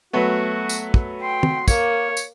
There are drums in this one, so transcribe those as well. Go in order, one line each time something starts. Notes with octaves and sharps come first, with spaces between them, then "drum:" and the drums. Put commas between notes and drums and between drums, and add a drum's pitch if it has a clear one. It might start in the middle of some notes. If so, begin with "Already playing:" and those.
F#3 A3 B3 F#4
drum: tambourine
drum: kick
G5 C6
drum: tom
A#3 C#5, drum: kick, tambourine
drum: tambourine